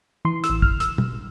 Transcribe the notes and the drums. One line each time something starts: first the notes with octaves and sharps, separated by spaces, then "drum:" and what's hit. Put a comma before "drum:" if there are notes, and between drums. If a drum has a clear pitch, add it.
E3 C6
E6, drum: hi-hat
A1
F6, drum: kick
E6, drum: hi-hat
drum: tom